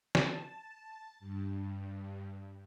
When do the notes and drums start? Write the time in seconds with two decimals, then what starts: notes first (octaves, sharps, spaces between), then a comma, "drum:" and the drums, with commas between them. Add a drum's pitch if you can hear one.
0.15 A5, drum: snare
1.20 G2